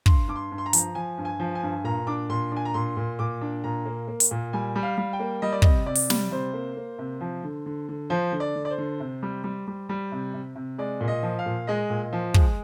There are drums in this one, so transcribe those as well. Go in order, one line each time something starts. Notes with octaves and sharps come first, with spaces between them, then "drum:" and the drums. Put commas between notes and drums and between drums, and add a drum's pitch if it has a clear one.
G2 C6, drum: kick
G2 D6
C6
G2
C6
A#5
F3, drum: hi-hat
F3 G#5
G2
G#5
F3
G#5
G2
A#2 A#5
D4 D6
A#2 C6
D4 G#5
A#5
A#2 C6
A#2
A#2 D6
D4
A#2 A#5
A#3
A#3
drum: hi-hat
A#2
G3 G#5
G3
F5
G3
G5
A#3
G3 D#5
D5
C3 D#5, drum: kick
C3 D5
drum: open hi-hat
G3, drum: snare
C3 C5
A#3
A#3
C3
F3
D3
D3
D3
F3 C5
D3
D5
D3
D5
C5
D3
C3
G3
G3
G3
G3
C3
C3
C3
G#3 D5
A#2
D#5
F3
F5
A#2
G#3 D#5
A#2
F3
G#3, drum: kick